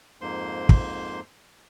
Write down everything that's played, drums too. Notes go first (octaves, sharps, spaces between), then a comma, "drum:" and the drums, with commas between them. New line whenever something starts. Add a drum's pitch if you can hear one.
F2 G#2 A#3 C5 C6
drum: kick